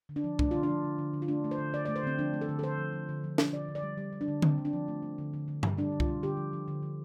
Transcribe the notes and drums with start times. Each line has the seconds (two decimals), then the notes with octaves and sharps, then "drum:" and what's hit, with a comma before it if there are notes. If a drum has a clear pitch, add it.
0.09 D3
0.16 D4
0.24 F3
0.39 A3 D4, drum: kick C2
0.51 D3 F4
0.63 D4
0.69 F3
0.84 D3
0.98 D3
1.13 D3
1.22 F4
1.28 A3 D4
1.44 A3
1.51 C5
1.58 D3
1.73 D3 D5
1.85 A3 D5
1.96 C5
2.03 D3 C4
2.19 F3 D4
2.34 A3
2.41 A4
2.49 D3
2.59 A4
2.63 D3 C5
2.78 F3
2.93 F3
3.09 D3
3.24 F3
3.38 F3, drum: snare
3.53 D3 D5
3.68 D3
3.75 D5
3.83 G3
3.98 G3
4.12 G3
4.21 D4
4.28 D3
4.42 D3 C4, drum: tom D3
4.58 D3
4.65 D4
4.73 F3
4.88 A3
5.03 A3
5.18 D3
5.33 D3
5.48 D3
5.63 G3, drum: tom G2
5.77 G3 D4
5.92 D3
6.00 F4, drum: kick C2
6.08 G3
6.23 D3 G4
6.37 F3
6.53 F3
6.68 D3
6.83 F3